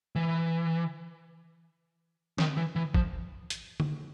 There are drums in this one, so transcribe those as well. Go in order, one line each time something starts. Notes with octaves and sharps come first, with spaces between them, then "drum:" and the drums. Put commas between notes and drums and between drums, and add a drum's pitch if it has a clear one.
E3
D#3, drum: snare
E3
E3
F3, drum: kick
drum: hi-hat
drum: tom